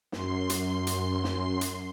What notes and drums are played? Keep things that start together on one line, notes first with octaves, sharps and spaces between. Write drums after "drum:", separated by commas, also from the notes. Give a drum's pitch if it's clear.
F#2 C6 C7, drum: snare
drum: hi-hat
drum: hi-hat
drum: snare
drum: hi-hat